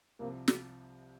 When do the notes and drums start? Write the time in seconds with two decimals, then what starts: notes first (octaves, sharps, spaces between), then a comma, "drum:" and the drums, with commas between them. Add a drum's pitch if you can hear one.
0.19 C2 C3 F3 A#3
0.48 drum: snare